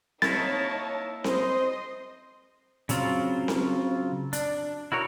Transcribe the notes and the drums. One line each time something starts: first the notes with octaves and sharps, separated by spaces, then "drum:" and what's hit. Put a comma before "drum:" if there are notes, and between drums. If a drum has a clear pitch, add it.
A#3 D#4 E4 C#5 A5 A6, drum: snare C4
C5 D#5 C6, drum: snare C4
C#3 F#3 C4 F4, drum: hi-hat
drum: snare C4
D4, drum: hi-hat
E4 F#4 A#4 C#5